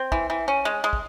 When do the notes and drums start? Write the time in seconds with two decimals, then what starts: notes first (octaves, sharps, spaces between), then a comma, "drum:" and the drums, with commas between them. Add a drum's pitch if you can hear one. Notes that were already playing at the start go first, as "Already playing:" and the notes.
Already playing: C4
0.12 E3, drum: kick
0.30 E3
0.48 C#4
0.65 G#3
0.84 G#3
0.93 drum: kick